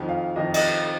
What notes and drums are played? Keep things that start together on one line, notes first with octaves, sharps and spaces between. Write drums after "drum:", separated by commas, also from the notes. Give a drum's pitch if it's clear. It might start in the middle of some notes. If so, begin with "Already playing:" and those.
Already playing: F2 D#3
F5
F2 D#3 D#5
D#5, drum: cymbal